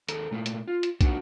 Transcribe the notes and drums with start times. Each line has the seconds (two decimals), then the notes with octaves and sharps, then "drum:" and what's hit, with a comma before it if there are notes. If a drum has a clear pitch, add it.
0.08 D#2 A4 A#5, drum: hi-hat
0.31 A#2 A3 A#3 E4
0.46 drum: hi-hat
0.68 F4
0.83 drum: hi-hat
1.01 A#3 D4 E4 F#4 F#5, drum: kick, hi-hat